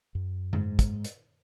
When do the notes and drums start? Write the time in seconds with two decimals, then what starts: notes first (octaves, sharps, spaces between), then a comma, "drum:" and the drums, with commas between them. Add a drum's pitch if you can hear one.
0.15 F#2
0.53 G#2, drum: tom F#2
0.79 drum: kick, hi-hat
1.04 drum: hi-hat